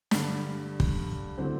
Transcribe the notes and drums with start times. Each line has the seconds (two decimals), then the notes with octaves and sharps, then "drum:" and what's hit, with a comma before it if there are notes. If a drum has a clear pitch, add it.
0.11 G2 D3 G3, drum: snare
0.80 drum: kick
1.37 D3 F#3 A3 C4 E4